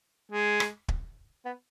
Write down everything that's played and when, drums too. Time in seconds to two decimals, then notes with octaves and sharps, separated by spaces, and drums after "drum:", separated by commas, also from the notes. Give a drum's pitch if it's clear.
0.32 G#3
0.60 drum: rim click
0.88 drum: kick
1.45 B3